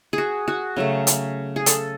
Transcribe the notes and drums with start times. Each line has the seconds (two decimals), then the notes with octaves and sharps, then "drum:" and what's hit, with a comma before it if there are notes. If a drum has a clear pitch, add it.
0.13 G#4
0.18 F#4
0.48 F#4
0.77 C#3 F#3 A3
1.07 drum: hi-hat
1.56 G#4
1.66 A4, drum: hi-hat